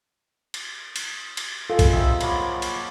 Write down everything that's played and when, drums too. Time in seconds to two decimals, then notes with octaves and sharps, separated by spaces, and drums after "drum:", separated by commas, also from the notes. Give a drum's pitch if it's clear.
0.54 drum: cymbal
0.96 drum: cymbal
1.37 drum: cymbal
1.70 F4 G#4 A4 D#5 B5
1.79 drum: kick B1, cymbal
1.93 C3 E6
2.21 F3 F#3 A#3 B5, drum: cymbal
2.62 drum: cymbal